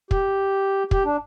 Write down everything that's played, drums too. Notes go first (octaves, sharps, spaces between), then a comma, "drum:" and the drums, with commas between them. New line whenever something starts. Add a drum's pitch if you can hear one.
G4, drum: kick
G4, drum: kick
D4